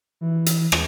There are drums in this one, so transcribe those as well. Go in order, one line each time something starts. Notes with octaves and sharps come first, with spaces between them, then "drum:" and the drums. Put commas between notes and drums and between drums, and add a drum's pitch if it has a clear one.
E3
drum: hi-hat
drum: rim click